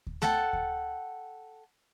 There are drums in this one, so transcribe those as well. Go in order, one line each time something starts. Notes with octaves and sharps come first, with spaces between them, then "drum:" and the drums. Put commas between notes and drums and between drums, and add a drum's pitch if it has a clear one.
drum: kick D2
A4 F#5 G5 A5, drum: snare A3
drum: kick D2